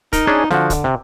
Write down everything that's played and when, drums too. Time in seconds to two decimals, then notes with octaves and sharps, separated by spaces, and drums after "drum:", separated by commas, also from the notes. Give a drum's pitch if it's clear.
0.13 D#4 A#4, drum: kick, hi-hat
0.27 C#4 D4 G#4
0.51 D3 F3 F#4, drum: snare
0.70 drum: kick, hi-hat
0.84 C3